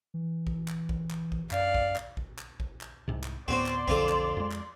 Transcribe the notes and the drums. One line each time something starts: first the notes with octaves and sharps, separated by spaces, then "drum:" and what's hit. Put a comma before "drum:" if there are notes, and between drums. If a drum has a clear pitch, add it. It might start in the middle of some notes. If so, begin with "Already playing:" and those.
E3
drum: kick A1
drum: clap
drum: kick A1
drum: clap
drum: kick A1
F#2 D5 F5, drum: clap
drum: kick A1
drum: clap
drum: kick A1
drum: clap
drum: kick A1
drum: clap
C2 G#2 C3
drum: clap
D2 A2 B3 C4 F#4 C5 D5 C6
drum: clap
B1 F2 D3 C4 F4 A4, drum: kick A1
drum: clap
F2 G#3
drum: clap